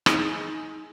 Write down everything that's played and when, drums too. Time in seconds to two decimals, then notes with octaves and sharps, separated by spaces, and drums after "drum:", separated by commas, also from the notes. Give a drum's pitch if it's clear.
0.06 D#4 G#4, drum: rim click